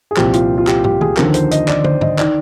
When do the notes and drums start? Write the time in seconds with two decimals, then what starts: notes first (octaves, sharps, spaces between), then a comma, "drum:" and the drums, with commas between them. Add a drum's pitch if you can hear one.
0.11 G#4
0.17 C2 A#2 F3 G4, drum: clap
0.33 F4, drum: hi-hat
0.58 F4
0.67 G4, drum: clap
0.84 G4, drum: tom
1.01 G#4, drum: tom
1.17 D#2 D3 F3 A#4, drum: clap
1.34 C5, drum: hi-hat
1.51 D#5, drum: hi-hat
1.68 D5, drum: clap
1.84 C5, drum: tom
2.01 D#5, drum: tom
2.19 D#3 D5, drum: clap